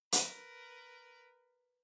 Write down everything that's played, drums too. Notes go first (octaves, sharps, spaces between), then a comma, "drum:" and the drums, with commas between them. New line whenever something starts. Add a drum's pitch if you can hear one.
A#4 B4, drum: hi-hat